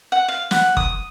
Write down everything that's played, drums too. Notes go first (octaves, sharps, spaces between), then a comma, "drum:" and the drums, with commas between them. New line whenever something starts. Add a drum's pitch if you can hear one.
F#5
F5
F#5, drum: snare
D#6, drum: kick